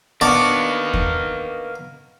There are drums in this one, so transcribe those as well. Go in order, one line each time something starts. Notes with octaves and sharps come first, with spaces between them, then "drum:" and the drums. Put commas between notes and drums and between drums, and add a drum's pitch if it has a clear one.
B3 D4 A#4 D5 D#5 F5 F#5 C#6
drum: kick